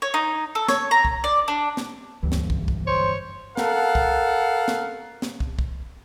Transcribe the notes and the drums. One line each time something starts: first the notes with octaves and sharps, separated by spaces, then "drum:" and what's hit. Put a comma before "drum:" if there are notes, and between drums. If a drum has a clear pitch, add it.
C#5
D#4
A4
C#5, drum: snare
A#5
drum: kick
D5
D4
drum: snare
F#1 D2 G2 E3
drum: snare
drum: kick
drum: kick
C5 C#5
A4 A#4 F5 F#5, drum: snare
drum: kick
drum: snare
drum: snare
drum: kick
drum: kick